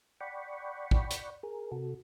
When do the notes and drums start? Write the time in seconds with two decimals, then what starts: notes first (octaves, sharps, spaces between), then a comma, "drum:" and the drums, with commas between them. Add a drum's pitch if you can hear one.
0.21 D5 F#5 G5 B5 C#6
0.91 drum: kick
1.11 drum: hi-hat
1.43 G#4 A#4
1.72 C3 F#4 A4